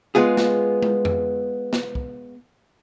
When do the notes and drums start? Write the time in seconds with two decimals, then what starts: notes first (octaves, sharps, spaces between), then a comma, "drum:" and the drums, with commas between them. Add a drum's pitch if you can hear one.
0.15 G#3 B3 F4 G#4
0.37 drum: snare
0.82 drum: tom
1.05 drum: tom F2
1.73 drum: snare
1.95 drum: kick